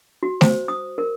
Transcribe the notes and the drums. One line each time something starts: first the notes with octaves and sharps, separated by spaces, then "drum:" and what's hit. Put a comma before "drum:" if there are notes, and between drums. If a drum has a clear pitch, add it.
F#4
C5, drum: snare A3
D#6
A#4